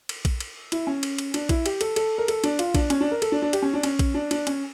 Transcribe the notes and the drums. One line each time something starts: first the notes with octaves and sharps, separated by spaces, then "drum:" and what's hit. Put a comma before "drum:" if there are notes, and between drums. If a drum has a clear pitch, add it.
drum: cymbal
drum: kick A#1, cymbal
drum: cymbal
E4, drum: cymbal
C#4
drum: cymbal
drum: cymbal
D4, drum: cymbal
E4, drum: kick A#1, cymbal
G4, drum: cymbal
A4, drum: cymbal
A4, drum: cymbal
A#4
A4, drum: cymbal
D4, drum: cymbal
F4, drum: cymbal
D4, drum: kick A#1, cymbal
C#4, drum: cymbal
D4
A#4
A4, drum: cymbal
D4
D4
G4, drum: cymbal
C#4
D4
C#4, drum: cymbal
drum: kick A#1, cymbal
D4
D4, drum: cymbal
C#4, drum: cymbal